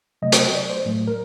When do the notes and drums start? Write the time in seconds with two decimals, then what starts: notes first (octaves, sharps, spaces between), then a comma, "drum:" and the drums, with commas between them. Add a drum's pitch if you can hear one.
0.22 C3 F#3 A3 D#5
0.32 drum: hi-hat
0.54 D5
0.70 C5
0.86 A2 F#3 A3
1.07 A#4